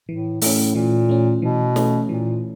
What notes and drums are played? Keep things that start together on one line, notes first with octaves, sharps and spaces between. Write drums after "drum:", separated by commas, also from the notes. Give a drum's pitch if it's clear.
A2 E3
A2 A3 C#4, drum: open hi-hat
A#2 E3
A3 C#4
B2 E3
A3 C#4, drum: snare
A#2 E3